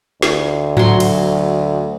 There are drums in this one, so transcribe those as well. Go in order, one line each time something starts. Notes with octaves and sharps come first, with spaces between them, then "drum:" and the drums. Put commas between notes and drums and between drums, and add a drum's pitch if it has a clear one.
D2, drum: snare
F#3 C6, drum: tom G#2
drum: cymbal